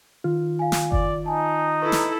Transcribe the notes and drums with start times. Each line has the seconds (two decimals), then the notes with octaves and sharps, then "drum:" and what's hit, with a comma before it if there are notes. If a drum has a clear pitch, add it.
0.24 D#3 F4 F6
0.59 F5 G#5
0.72 drum: snare
0.92 D5, drum: kick F#1
1.26 D#4 G#5 A5
1.82 E4 A4 B4 A#5 C#6
1.92 drum: snare